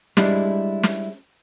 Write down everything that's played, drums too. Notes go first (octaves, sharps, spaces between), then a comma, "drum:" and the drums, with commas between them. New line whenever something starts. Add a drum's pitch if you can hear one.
G3 G#3 D4 E4, drum: snare
drum: snare